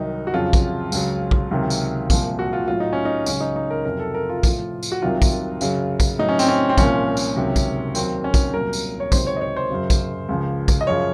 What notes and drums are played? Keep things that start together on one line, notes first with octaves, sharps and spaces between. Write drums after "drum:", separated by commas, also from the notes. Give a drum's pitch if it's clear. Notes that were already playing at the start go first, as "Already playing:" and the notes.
Already playing: C2 C3 D#3 F#3 D#4
F#4
F2 C#3 F#3 F4
drum: kick, tambourine
C#2 C#3 F#3, drum: tambourine
drum: kick
C#2 C3 D#3 F#3
drum: tambourine
C2 A#2 F3, drum: kick, tambourine
F#4
F4
A2 F#3 F4
D#4
C#4
D#4
C#2 C#3 F#3 C#4, drum: tambourine
D#4
D#4
A#4
F2 C3 F#3 A#4
A4
A#4
F4
A2 F3, drum: kick, tambourine
drum: tambourine
F#4
C2 C3 D#3 F#3 F4
drum: kick, tambourine
F#2 C#3 F#3, drum: tambourine
drum: kick, tambourine
A2 F#3 D#4
C#4
C4, drum: tambourine
C#4
C4
C2 A#2 F3 C#4, drum: kick, tambourine
drum: tambourine
C#2 C3 D#3 F#3
drum: kick, tambourine
D#2 D#3 F#3 C4, drum: tambourine
C#4
drum: kick, tambourine
C2 A#2 F#3 A#4
drum: tambourine
C#5
C#2 C3 D#3 F#3 C5, drum: kick, tambourine
C#5
D#5
C#5
C5
F#2 C#3 F#3
drum: kick, tambourine
C#2 C#3 F3
drum: kick, tambourine
D#5
F#2 C#3 F3 C#5